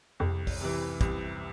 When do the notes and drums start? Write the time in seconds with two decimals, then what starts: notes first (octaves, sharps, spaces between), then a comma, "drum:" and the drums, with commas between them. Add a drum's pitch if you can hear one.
0.20 C2 F2
0.47 drum: kick, open hi-hat
0.61 C3 E3
1.01 C2, drum: kick, hi-hat